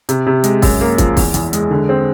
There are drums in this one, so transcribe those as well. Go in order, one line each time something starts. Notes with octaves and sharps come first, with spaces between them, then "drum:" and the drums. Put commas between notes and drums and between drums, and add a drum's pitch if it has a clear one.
C3, drum: hi-hat
C3
G#3, drum: hi-hat
F#2, drum: kick, open hi-hat
A#3
F3, drum: kick, hi-hat
E2, drum: kick, open hi-hat
E2, drum: hi-hat
G#3, drum: hi-hat
D3
C4